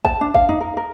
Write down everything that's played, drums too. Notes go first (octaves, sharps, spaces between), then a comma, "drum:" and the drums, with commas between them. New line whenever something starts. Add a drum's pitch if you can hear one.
A5, drum: kick
D4
F5, drum: kick
D#4, drum: tom E2
A#4
A#4